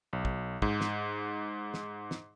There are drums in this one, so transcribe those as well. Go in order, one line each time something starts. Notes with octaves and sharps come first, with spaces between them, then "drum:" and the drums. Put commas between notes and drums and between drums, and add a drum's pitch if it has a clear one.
B1
drum: kick
G#2, drum: kick
drum: snare
drum: snare
drum: snare